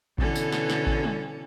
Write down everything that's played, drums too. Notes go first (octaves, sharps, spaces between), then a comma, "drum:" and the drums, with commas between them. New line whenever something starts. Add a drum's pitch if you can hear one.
B2 D3 E3 C#4 A4, drum: kick A1
drum: tambourine
drum: snare
drum: snare
drum: kick A1
drum: tom G3